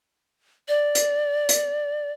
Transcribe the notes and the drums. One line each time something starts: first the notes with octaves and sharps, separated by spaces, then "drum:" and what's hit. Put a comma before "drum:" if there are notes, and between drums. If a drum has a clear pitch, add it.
D5
drum: hi-hat
drum: hi-hat